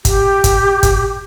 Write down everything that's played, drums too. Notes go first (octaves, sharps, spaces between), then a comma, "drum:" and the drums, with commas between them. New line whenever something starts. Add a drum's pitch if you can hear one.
G4, drum: kick G1, hi-hat
drum: kick G1, hi-hat
drum: kick G1, hi-hat